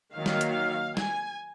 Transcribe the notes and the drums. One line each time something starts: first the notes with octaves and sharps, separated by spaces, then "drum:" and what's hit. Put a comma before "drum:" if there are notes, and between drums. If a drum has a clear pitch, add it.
D#3 F#3 A#3 F5
drum: snare
drum: hi-hat
G#5, drum: snare